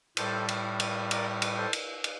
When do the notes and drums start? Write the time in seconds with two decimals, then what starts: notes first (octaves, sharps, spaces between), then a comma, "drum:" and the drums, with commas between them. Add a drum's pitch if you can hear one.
0.17 A2 G3 A4 C5, drum: cymbal
0.49 drum: cymbal
0.80 drum: cymbal
1.11 A#4 D5, drum: cymbal
1.42 drum: cymbal
1.57 A4 C5
1.73 drum: cymbal
2.04 drum: cymbal